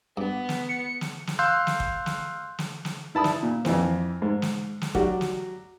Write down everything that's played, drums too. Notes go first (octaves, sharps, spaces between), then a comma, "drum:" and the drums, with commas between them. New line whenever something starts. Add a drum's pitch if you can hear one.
G2 B3
drum: snare
C#7
drum: snare
drum: snare
F5 C6 E6 F#6 G6
drum: snare
drum: kick
drum: snare
drum: snare
drum: snare
E4 A5 B5 D#6
drum: snare
A#2
F2 E3 C4, drum: snare
G#2
drum: snare
drum: snare
F#3 F#4 G4 D5, drum: kick
drum: snare